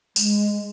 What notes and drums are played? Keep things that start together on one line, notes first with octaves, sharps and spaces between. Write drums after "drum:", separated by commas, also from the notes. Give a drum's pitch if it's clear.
G#3, drum: tambourine